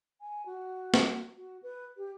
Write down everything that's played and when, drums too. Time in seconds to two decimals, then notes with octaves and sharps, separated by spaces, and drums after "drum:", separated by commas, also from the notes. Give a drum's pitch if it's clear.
0.21 G#5
0.46 F#4
0.94 drum: snare
1.37 F#4
1.63 B4
1.97 G4